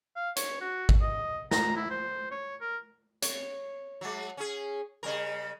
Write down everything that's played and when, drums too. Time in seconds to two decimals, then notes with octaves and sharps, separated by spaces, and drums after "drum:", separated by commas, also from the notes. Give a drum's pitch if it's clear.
0.16 F5
0.36 C#5, drum: hi-hat
0.61 F#4
0.89 drum: kick G#1
1.01 D#5
1.51 A#5, drum: snare
1.77 E4
1.90 C5
2.31 C#5
2.61 A#4
3.22 C#5, drum: hi-hat
4.01 F#3 G#3
4.37 C#4 G#4
5.03 C#3 G3 A#4